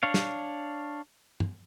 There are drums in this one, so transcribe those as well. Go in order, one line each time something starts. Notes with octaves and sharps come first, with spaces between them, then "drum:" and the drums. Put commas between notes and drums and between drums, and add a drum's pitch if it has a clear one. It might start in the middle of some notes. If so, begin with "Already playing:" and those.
D4 C#5 F5
drum: snare
drum: tom